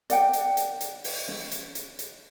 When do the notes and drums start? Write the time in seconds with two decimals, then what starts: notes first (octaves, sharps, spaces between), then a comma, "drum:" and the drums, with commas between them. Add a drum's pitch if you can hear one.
0.10 D5 F#5 G5, drum: hi-hat
0.33 drum: hi-hat
0.57 drum: hi-hat
0.81 drum: hi-hat
1.04 drum: open hi-hat
1.28 drum: snare
1.51 drum: hi-hat
1.75 drum: hi-hat
1.99 drum: hi-hat